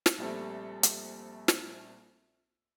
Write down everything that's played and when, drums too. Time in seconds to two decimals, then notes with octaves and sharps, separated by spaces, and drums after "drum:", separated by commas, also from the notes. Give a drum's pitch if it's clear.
0.06 drum: snare
0.18 A#1 G3 A3 C4 A4
0.83 drum: hi-hat
1.48 drum: snare